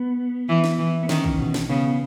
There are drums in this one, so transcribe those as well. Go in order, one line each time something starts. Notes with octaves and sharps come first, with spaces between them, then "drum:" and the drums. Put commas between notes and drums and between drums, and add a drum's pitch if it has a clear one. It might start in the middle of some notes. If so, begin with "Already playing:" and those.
Already playing: B3
E3
drum: snare
E3
B3
D#3 C#4, drum: snare
drum: kick
B2
drum: snare
C#3 B3